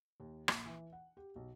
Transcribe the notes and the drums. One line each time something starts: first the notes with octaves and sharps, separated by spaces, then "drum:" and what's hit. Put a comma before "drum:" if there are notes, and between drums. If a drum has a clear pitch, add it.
D#2
A#1, drum: rim click
E3
F#5
G4
B1